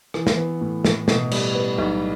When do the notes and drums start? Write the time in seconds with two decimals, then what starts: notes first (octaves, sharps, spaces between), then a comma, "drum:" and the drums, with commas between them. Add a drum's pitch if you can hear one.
0.14 E3, drum: rim click
0.27 drum: snare
0.37 B3
0.61 A2
0.85 A2, drum: snare
1.08 B2, drum: snare
1.31 G3, drum: cymbal
1.55 B3
1.78 B1